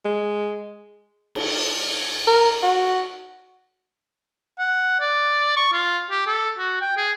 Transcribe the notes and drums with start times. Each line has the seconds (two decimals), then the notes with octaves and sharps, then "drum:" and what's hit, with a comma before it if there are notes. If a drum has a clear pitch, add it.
0.05 G#3
1.35 drum: cymbal
2.27 A#4
2.62 F#4
4.59 F#5
5.01 D5
5.57 C#6
5.73 F4
6.11 G4
6.27 A4
6.58 F#4
6.81 G5
6.97 G#4